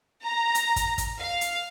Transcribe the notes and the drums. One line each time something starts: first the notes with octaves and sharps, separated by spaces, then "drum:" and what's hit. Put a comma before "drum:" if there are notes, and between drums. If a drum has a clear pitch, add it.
A#5
drum: hi-hat
drum: kick, hi-hat
drum: kick, hi-hat
F5
drum: hi-hat